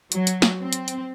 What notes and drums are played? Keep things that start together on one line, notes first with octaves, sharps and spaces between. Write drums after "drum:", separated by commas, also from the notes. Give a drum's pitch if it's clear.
F#3, drum: hi-hat
drum: hi-hat
drum: snare
C4
drum: hi-hat
drum: hi-hat